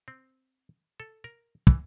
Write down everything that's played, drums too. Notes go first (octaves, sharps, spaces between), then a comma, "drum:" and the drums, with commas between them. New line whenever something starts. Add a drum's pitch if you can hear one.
C4
A4
A#4
E3, drum: kick